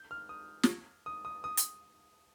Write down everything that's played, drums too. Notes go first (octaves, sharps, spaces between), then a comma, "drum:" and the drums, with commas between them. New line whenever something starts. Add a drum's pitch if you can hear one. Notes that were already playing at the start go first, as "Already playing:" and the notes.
Already playing: G6
F6
D#6
drum: snare
D#6
D#6
D#6
drum: hi-hat